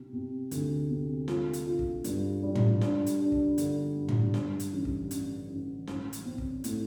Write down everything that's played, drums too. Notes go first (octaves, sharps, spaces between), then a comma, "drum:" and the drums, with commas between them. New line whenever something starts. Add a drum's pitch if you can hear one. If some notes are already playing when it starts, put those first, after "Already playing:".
Already playing: C3
C3
D2, drum: hi-hat
C3
F4, drum: snare
drum: hi-hat
F4
drum: kick
G2, drum: hi-hat
G3
drum: tom
D4, drum: snare
drum: hi-hat
D4
drum: kick
D3, drum: hi-hat
G2
drum: tom
G2, drum: snare
drum: hi-hat
A1
drum: kick
A1, drum: hi-hat
A1
A1, drum: snare
drum: hi-hat
C4
drum: kick
A2, drum: hi-hat